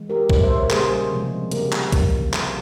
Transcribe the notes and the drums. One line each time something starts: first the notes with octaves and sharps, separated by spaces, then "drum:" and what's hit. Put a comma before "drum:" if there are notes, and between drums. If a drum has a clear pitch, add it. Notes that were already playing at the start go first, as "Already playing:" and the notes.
Already playing: E3 G#3
G4 A#4
A#2 G#3 A#4 C#5, drum: kick A#1
C5 E5
A#4 C#5
C#3 G3 A#3 G#4 C5, drum: clap
C3 F3 G#3
C#3 G3 A#3 G4 A#4, drum: hi-hat
drum: clap
C3 F3 A#3, drum: kick A#1, hi-hat
A#2 G3 A#3 F4 G#4, drum: clap